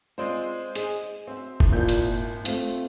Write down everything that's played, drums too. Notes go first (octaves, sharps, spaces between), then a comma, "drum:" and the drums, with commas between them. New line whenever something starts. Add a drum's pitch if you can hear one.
G#3 C4 F4 C5 D5 D#5
G#4 D#5, drum: hi-hat
C4 F#4 E5
drum: kick F1
G#1 A#2 F3 E4 G6
drum: hi-hat
A3 C4 F4, drum: hi-hat